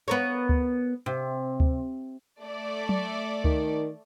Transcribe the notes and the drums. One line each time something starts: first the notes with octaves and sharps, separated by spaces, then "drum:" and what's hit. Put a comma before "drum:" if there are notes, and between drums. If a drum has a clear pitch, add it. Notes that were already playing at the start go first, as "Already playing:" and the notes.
B3 A#4 C#5
drum: kick D2
C3
drum: kick D2
A3 D5
drum: tom F#3
D#3, drum: kick D2